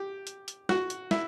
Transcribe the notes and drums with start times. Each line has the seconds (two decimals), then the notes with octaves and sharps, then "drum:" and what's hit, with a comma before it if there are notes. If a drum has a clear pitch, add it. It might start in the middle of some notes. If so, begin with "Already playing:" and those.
Already playing: G4
0.27 drum: hi-hat
0.48 drum: hi-hat
0.69 F#4, drum: snare
0.90 drum: hi-hat
1.11 E4, drum: snare